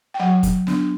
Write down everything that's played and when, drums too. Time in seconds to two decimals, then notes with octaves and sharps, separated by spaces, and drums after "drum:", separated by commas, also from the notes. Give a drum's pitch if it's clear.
0.14 G5
0.19 F#3 F#5
0.43 drum: kick, hi-hat
0.67 B3 D4, drum: snare